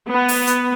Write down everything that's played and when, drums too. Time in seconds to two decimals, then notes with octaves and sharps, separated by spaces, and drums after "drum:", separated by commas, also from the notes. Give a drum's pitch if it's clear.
0.10 B3
0.28 drum: open hi-hat
0.47 drum: hi-hat